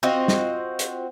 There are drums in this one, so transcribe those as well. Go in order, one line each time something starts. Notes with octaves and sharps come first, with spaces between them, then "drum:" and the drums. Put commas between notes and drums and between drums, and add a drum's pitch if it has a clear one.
C4 F4 F#4 D#5
drum: snare
drum: hi-hat